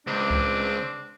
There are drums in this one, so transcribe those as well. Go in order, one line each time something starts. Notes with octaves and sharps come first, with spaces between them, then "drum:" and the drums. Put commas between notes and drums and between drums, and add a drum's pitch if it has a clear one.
C#2 C4 D4 C5 D6
drum: kick C#2